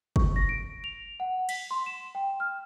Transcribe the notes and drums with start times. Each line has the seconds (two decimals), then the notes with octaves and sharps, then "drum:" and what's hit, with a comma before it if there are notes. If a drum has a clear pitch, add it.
0.16 C#6, drum: kick
0.36 A#6
0.49 D7
0.84 F7
1.20 F#5
1.49 B6, drum: cymbal
1.71 C6
1.86 E7
2.15 G5
2.40 F6